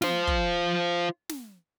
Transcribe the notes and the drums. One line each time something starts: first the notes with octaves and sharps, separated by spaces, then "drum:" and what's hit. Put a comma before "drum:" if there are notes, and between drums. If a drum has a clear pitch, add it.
F4 C5, drum: snare
drum: kick
drum: snare